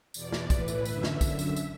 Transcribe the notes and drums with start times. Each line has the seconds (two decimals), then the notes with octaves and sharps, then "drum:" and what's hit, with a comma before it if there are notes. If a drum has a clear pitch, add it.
0.14 E2 B2 D5, drum: tambourine
0.32 drum: snare
0.50 A2 E3 B4, drum: kick, tambourine
0.68 drum: tambourine
0.85 F#2 D3 E5, drum: tambourine
1.03 drum: snare
1.21 F#2 D3 E5, drum: kick, tambourine
1.39 drum: tambourine
1.56 drum: tambourine